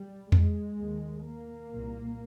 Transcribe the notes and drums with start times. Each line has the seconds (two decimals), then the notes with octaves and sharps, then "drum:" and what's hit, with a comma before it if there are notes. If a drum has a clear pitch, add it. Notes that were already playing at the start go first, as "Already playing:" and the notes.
Already playing: G3
0.32 G#3, drum: tom E2
0.78 D#2
1.24 A#3
1.69 C2 A#2